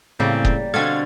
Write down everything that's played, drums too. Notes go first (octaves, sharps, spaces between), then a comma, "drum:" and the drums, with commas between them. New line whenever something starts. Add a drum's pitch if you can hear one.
A2 C#3 G3 A#3 C4
drum: kick
B2 D3 C4 F#4 A4 F5 G#6